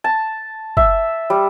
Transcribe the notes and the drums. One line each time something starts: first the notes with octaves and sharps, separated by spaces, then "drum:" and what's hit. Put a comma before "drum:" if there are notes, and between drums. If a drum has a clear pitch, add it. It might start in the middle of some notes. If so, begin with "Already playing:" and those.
A5
E5, drum: kick F#1
G3